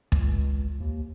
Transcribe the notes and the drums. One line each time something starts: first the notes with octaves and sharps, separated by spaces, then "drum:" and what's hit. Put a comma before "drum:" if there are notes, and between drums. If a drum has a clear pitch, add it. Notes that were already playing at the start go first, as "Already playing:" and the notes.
C#2, drum: kick
D#2